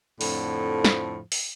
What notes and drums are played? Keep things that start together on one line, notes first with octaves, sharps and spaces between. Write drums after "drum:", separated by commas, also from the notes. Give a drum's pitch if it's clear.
F2 A2 D3 F3, drum: open hi-hat
drum: snare
drum: open hi-hat